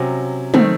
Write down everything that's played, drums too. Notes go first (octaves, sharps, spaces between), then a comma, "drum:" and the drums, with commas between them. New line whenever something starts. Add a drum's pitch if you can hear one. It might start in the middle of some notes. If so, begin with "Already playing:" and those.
Already playing: C3 F#3 C#4
D#3 A3 C4, drum: tom